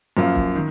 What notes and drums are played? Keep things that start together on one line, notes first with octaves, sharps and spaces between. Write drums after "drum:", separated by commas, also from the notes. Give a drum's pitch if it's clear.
F#2 F3 A#3 F4
drum: kick
D#3